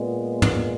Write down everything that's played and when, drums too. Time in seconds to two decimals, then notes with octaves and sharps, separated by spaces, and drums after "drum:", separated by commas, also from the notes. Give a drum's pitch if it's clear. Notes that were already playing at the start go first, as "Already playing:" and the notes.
Already playing: A#2 G#3 B3
0.42 drum: tom